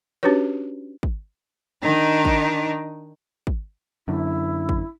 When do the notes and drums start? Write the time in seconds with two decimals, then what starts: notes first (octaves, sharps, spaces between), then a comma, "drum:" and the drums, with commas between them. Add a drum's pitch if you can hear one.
0.23 C#4 D4 F#4 G4 B4 C#5
1.03 drum: kick
1.82 D#3 D4 D#4
2.25 drum: kick
3.47 drum: kick
4.08 F#2 D3 E4
4.69 drum: kick